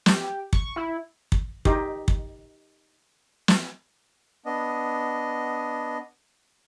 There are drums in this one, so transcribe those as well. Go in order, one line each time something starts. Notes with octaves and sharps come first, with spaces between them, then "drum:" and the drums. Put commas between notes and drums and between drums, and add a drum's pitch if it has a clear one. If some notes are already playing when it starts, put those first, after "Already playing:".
G4, drum: snare
C#6, drum: kick
E4
drum: kick
D#4 G4, drum: kick
drum: kick
drum: snare
B3 D4 D#5